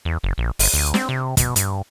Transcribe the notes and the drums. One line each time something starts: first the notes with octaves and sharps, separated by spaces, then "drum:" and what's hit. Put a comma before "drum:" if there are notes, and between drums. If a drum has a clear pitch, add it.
E2
F#1
A#1
G1, drum: open hi-hat
D2
C4, drum: snare
C3
B2, drum: kick, hi-hat
G2, drum: hi-hat